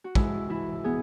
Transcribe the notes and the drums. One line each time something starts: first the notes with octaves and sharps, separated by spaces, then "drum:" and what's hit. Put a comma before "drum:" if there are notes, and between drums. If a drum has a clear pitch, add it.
F#4
G#3 E4, drum: kick
E3 E4
B3 G#4